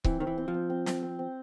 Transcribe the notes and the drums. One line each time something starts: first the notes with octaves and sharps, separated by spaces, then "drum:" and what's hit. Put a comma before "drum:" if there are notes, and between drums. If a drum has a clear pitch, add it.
E3 C4, drum: kick C#1
D#3 C4
E3
C4
F3
C4
C4
C4, drum: snare
C4
C4